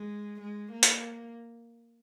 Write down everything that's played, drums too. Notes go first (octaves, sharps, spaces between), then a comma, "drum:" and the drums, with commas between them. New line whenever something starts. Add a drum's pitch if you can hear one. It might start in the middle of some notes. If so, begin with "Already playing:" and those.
Already playing: G#3
G#3
A#3
drum: hi-hat